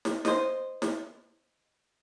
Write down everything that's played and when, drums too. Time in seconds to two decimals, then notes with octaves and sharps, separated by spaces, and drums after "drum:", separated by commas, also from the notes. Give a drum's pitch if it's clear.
0.05 drum: snare
0.25 C5 D#5, drum: snare
0.82 drum: snare